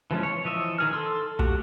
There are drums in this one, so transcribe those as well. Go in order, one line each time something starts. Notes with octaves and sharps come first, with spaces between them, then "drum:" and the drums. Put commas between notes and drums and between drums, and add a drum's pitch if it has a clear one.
E3 F3 G#3 C#4
C#5
E3 F3 D#5 E5 E6
D#3 G#4 F6
A4 C6 E6
A3 F#4 G4, drum: kick